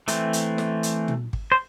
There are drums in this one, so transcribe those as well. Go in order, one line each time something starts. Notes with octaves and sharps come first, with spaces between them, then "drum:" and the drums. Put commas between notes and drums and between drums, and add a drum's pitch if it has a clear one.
E3 A3 C4, drum: hi-hat
drum: hi-hat
drum: snare
drum: hi-hat
drum: tom
drum: kick G#1
C5